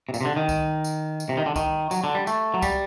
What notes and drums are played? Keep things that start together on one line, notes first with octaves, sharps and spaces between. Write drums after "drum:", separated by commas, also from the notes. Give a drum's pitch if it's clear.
C3
A#2, drum: tambourine
C3
D3
D#3
drum: kick C2, tambourine
drum: tambourine
drum: tambourine
C3
D#3
D3
D#3, drum: kick C2, tambourine
F#3, drum: tambourine
D3
G3
A3, drum: tambourine
F#3
G3, drum: kick C2, tambourine